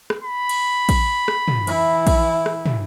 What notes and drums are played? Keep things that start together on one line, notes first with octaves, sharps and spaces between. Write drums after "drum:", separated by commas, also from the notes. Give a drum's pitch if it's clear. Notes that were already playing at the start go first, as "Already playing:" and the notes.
drum: rim click
B5
drum: cymbal
drum: kick A#1, cymbal
drum: rim click
drum: tom
E3 E4, drum: cymbal
drum: kick A#1, cymbal
drum: rim click
drum: tom